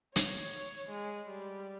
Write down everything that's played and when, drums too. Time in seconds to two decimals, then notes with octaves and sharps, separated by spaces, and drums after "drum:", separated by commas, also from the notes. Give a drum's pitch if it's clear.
0.16 C#5, drum: hi-hat
0.89 G#3
1.28 G3